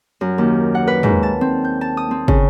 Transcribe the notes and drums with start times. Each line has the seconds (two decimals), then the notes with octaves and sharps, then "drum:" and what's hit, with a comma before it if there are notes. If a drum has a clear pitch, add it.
0.21 F#2
0.38 D#2
0.75 F#5
0.87 B4
1.03 G#2, drum: tom
1.23 A5
1.41 C4
1.64 G6
1.81 A5
1.97 D#6
2.11 C4
2.28 C#3, drum: kick